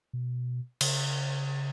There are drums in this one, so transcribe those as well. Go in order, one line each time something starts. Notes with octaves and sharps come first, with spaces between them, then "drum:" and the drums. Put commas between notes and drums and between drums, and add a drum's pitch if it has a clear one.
B2
C#3, drum: cymbal